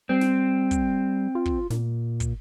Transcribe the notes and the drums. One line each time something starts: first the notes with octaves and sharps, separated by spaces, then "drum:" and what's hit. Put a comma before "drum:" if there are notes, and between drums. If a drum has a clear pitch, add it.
G3 C4
drum: snare
drum: kick, hi-hat
F4
drum: kick
A#2, drum: snare
drum: kick, hi-hat